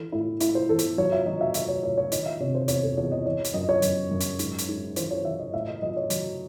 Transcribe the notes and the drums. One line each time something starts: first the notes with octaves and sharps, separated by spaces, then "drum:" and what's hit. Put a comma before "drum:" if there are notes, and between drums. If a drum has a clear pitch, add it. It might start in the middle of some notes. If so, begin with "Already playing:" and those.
Already playing: E3 A4
A2 E4
A2 E4, drum: hi-hat
C5
E3 A4
drum: hi-hat
F#3 C#5
E5
F#3 D#5
E5
F#3 E5, drum: hi-hat
C#5
A2 C#5
C#5
D#3 D#5, drum: hi-hat
E5
C3 C#5
C5
E2 C#5, drum: hi-hat
A4
E2 C#5
D#5
E3 C#5
drum: hi-hat
F#2 D#5
C#5
F#2, drum: hi-hat
F#2
drum: hi-hat
G#2, drum: hi-hat
drum: hi-hat
G#2
E3 C5, drum: hi-hat
C#5
E3 E5
D#5
A2 E5
D#5
F#3 D#5
C#5
F#3, drum: hi-hat